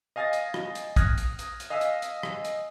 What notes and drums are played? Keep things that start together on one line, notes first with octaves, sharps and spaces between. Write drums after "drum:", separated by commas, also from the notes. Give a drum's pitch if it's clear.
D#5 F5 G#5 D#6 A6 A#6
drum: hi-hat
drum: rim click
drum: hi-hat
D#6 F6 F#6 G#6 A#6, drum: kick, hi-hat
drum: hi-hat
drum: hi-hat
drum: hi-hat
D#5 F5 G#5 D#6 E6 B6
drum: hi-hat
drum: hi-hat
drum: rim click
drum: hi-hat